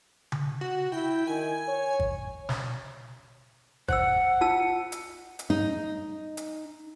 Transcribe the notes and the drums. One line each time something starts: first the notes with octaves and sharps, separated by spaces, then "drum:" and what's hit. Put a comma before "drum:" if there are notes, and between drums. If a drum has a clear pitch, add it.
drum: tom C#3
F#4
E4 G5
D#3 G#5
C#5
drum: kick G#1
drum: snare
C5 F#5 E6, drum: kick G#1
F4 A5 E6
drum: hi-hat
drum: hi-hat
D#4
drum: hi-hat